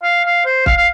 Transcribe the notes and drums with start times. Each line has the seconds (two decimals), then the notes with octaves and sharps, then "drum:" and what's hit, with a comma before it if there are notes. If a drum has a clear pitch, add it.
0.03 F5
0.25 F5
0.45 C5
0.66 F5, drum: kick
0.77 F5